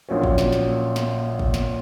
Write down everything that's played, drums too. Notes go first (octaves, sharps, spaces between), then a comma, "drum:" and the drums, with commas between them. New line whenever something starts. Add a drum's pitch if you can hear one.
A#1 A#2 F#3 C#4
drum: kick
drum: snare
drum: snare
drum: snare
drum: kick
drum: snare